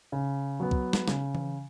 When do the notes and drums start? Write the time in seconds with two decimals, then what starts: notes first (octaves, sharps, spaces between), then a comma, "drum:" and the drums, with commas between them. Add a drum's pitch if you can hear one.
0.12 C#3
0.60 F#3 B3
0.71 drum: kick
0.93 drum: snare
1.08 C#3, drum: snare
1.35 drum: tom E3